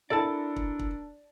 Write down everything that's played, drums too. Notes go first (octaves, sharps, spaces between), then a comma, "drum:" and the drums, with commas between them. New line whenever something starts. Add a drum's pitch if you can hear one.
D4 E4 A4 A#4 D5 A5
drum: kick
drum: kick